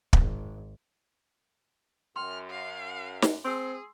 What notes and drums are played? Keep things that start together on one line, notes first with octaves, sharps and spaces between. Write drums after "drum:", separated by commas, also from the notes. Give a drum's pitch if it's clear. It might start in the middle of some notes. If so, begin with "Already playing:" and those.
G#1, drum: kick
F#2 G5 C6 F6
F5
drum: snare
C4 G#4 C6 E6